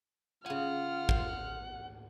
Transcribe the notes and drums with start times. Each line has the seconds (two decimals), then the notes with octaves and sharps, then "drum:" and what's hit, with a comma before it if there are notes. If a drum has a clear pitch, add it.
0.46 C#3 F4 F#5 G#5 F6
1.09 C5, drum: kick A1